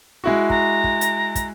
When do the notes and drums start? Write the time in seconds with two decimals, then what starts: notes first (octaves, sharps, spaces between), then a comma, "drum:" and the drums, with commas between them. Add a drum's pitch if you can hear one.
0.24 G#3 E4 F#4
0.50 A#5, drum: kick
0.84 drum: kick
1.01 drum: hi-hat
1.35 drum: kick, hi-hat